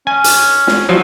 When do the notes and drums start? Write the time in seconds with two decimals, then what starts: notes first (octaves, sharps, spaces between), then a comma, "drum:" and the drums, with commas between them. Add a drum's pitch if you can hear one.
0.07 C#4 G#5
0.24 drum: hi-hat
0.67 drum: snare
0.89 F3 F#3